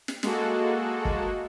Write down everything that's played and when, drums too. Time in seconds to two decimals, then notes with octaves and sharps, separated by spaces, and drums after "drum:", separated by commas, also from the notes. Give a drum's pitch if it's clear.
0.08 drum: snare
0.23 G#3 A#3 F#4 A4, drum: snare
1.05 drum: kick